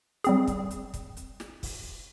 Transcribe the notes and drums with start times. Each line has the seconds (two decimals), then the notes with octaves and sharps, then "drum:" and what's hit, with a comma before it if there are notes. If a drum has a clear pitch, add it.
0.24 G3 C4 G#4, drum: hi-hat
0.48 drum: kick, hi-hat
0.71 drum: hi-hat
0.94 drum: kick, hi-hat
1.17 drum: hi-hat
1.40 drum: snare
1.63 drum: kick, open hi-hat